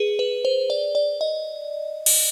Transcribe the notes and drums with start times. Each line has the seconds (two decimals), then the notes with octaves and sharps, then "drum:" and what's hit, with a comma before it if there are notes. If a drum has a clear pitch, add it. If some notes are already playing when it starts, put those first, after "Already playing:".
Already playing: G#4 B4
0.19 B4
0.45 C5
0.70 D5
0.95 D5
1.21 D#5
2.06 drum: cymbal